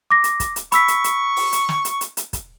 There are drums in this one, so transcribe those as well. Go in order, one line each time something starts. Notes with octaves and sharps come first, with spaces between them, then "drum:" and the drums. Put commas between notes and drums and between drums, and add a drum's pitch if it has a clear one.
D6 A#6
drum: hi-hat
drum: kick, hi-hat
drum: hi-hat
B5 C#6 E6 B6, drum: hi-hat
drum: hi-hat
drum: hi-hat
drum: open hi-hat
drum: hi-hat
drum: snare
drum: hi-hat
drum: hi-hat
drum: hi-hat
drum: kick, hi-hat